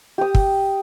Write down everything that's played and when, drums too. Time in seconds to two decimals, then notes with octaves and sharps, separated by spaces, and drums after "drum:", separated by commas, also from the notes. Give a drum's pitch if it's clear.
0.18 G4 D#6
0.35 drum: kick